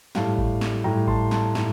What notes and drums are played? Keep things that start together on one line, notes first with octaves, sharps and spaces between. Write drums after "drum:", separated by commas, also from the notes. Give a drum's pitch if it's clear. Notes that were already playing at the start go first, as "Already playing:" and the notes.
A2 G3 F5 A5, drum: snare
drum: kick G#1
drum: snare
A2 G3 G5 A#5
A5 C6, drum: kick G#1
A5 C6, drum: snare
A2, drum: snare